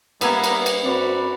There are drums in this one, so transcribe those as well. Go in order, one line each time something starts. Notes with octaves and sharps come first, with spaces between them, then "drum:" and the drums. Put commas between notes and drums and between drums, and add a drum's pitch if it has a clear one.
G3 A#3 B3 B4 E5 G#5, drum: cymbal
drum: cymbal
drum: cymbal
F#2 C4 F#4 D5 B5